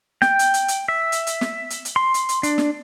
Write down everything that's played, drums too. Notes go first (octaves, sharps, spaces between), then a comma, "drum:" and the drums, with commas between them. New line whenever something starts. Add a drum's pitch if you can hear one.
G5, drum: snare
drum: hi-hat
drum: hi-hat
drum: hi-hat
E5
drum: hi-hat
drum: hi-hat
drum: snare
drum: hi-hat
drum: hi-hat
C6
drum: hi-hat
drum: hi-hat
D4, drum: hi-hat
drum: snare